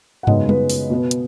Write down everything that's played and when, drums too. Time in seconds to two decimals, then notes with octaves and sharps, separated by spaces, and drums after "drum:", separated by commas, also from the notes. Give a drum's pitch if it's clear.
0.23 F#5
0.27 F#2 C#3 G#3 B3 D#4 D#5, drum: tom
0.49 B3 B4, drum: tom
0.70 drum: open hi-hat
0.90 B2 B3
1.11 drum: hi-hat